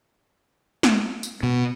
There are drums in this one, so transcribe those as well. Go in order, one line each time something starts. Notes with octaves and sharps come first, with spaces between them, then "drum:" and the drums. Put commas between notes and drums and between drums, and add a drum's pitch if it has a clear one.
drum: snare
drum: tambourine
B2